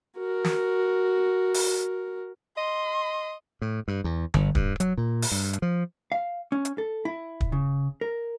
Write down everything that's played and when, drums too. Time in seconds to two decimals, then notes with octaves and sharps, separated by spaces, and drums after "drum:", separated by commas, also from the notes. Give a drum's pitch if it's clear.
0.17 F#4 A#4
0.44 drum: snare
1.54 drum: open hi-hat
2.58 D#5 C6
3.62 A2
3.88 G2
4.04 E2
4.34 G1, drum: tom D3
4.55 G2, drum: kick
4.80 F#3, drum: hi-hat
4.98 A#2
5.22 drum: open hi-hat
5.32 G2
5.53 drum: hi-hat
5.62 F3
6.12 F5
6.52 C#4
6.65 drum: hi-hat
6.78 A4
7.05 E4
7.41 drum: kick
7.52 C#3
8.01 A#4